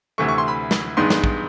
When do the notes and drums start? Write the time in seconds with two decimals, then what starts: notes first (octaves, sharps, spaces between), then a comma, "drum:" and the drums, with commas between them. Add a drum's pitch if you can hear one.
0.18 D2 C3 E3 A3 C#6
0.29 C#6
0.38 C6
0.48 B5
0.71 drum: snare
0.97 G2 D#3 G#3 B3 D#4 C6
1.10 drum: snare
1.24 drum: kick